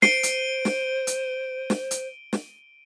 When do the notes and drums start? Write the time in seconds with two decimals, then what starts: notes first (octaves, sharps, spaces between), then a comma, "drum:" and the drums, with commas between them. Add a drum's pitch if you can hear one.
0.02 C5 C7 D7 D#7 G7, drum: snare
0.23 drum: hi-hat
0.65 drum: snare
1.07 drum: hi-hat
1.70 drum: snare
1.91 drum: hi-hat
2.33 drum: snare